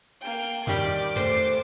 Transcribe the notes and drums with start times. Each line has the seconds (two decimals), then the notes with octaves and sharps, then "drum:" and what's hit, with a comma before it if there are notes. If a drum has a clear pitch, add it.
0.21 A#3 G5
0.67 D#3 G3 D6, drum: tom E2
1.16 A3 C5, drum: tom E2